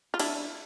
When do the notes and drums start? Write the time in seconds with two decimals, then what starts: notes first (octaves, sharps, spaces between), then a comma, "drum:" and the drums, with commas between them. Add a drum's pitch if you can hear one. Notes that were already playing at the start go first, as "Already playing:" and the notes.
0.14 F4
0.19 D4 E4, drum: cymbal